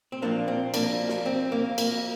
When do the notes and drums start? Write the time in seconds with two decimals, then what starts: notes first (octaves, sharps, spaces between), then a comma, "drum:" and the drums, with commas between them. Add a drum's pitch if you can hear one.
0.12 C4
0.22 A#2 F3 A#3 D4
0.48 C4
0.74 A#3 D4, drum: cymbal
1.09 drum: snare
1.26 C4
1.52 A#3
1.78 A#3, drum: cymbal